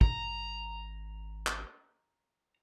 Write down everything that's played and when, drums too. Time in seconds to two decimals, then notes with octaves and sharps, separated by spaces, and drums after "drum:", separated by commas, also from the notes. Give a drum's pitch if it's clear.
0.01 G#1 A#5, drum: kick
1.47 drum: clap